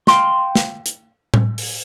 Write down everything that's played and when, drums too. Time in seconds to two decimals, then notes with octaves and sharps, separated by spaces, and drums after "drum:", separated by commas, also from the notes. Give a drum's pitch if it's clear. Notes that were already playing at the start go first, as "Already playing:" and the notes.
0.07 F5 G5 C6, drum: snare
0.55 drum: snare
0.86 drum: hi-hat
1.34 drum: tom A2
1.58 drum: open hi-hat